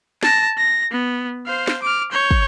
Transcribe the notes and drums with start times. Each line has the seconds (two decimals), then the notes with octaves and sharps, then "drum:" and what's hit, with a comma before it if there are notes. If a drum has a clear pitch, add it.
0.23 A5 A#6, drum: snare
0.58 A#6
0.91 B3
1.46 C5 F5
1.67 drum: snare
1.82 D6 F6
2.12 C#5 G6
2.31 drum: kick